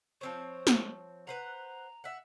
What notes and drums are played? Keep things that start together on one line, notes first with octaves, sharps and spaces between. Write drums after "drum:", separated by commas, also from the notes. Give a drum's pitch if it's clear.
F3 C4 C5 C#5
drum: snare
B4 C5 F#5 A#5
E5 F#5